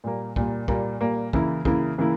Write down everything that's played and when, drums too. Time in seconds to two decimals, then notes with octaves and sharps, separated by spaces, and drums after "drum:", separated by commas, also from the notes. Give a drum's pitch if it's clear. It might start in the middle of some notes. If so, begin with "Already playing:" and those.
0.04 A#2 G3 A#3
0.36 A#2 G3 A#3, drum: kick
0.68 A#2 G3 A#3, drum: kick
1.01 A#2 G3 A#3
1.33 C#3 E3 A#3 E4, drum: kick
1.65 C#3 E3 A#3 E4, drum: kick
1.98 C#3 E3 A#3 E4